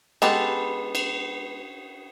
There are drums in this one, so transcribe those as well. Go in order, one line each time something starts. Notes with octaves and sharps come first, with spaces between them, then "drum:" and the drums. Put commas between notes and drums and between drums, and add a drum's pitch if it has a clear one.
G#3 B3 G4 A4 B4, drum: cymbal
drum: cymbal